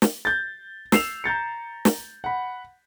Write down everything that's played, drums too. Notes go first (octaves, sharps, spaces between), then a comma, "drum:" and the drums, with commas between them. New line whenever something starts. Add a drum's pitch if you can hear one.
drum: snare
G6 A6
E6 C7 E7 F7, drum: snare
A#5 G6 A6 C#7
drum: snare
F#5 B5